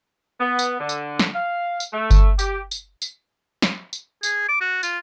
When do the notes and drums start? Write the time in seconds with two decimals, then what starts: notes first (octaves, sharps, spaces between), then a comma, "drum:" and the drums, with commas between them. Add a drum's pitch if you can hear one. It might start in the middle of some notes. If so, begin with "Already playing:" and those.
0.40 B3
0.59 drum: tambourine
0.80 D3
0.89 drum: tambourine
1.19 drum: snare
1.34 F5
1.80 drum: tambourine
1.93 A3
2.11 drum: kick G1, tambourine
2.39 G4, drum: tambourine
2.71 drum: tambourine
3.02 drum: tambourine
3.62 drum: snare
3.93 drum: tambourine
4.23 G#4, drum: tambourine
4.49 D6
4.61 F#4
4.83 F4, drum: tambourine